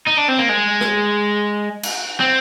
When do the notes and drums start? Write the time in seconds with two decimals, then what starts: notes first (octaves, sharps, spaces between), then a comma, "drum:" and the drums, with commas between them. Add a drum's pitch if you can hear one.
0.08 D#4
0.18 D4
0.29 C4
0.39 A#3
0.49 G#3
0.81 drum: rim click
1.83 drum: cymbal
2.20 C4